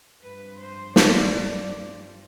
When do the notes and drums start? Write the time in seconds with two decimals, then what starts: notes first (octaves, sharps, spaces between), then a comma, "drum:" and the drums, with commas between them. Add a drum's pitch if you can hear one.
0.22 G2 F3 C4 B4
0.59 C5
0.96 D5, drum: snare